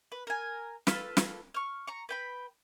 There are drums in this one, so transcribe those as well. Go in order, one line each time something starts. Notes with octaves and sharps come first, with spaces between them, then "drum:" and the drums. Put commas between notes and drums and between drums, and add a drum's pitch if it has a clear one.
B4
A#4 G#5
F4 A4 B4, drum: snare
drum: snare
C#6 F6
A#5 C#6
B4 G5 B5